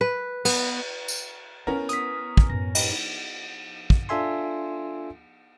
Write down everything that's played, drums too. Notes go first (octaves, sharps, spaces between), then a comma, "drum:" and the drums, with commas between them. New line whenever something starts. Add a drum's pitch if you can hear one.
B4
B3, drum: cymbal
drum: tambourine
B3 C#4 E4 A#4
D#6 B6, drum: hi-hat
drum: kick
F#2 A2 A#6
D#4 G4 B4, drum: cymbal
drum: kick
D4 F4 A4 E5 G#5 C6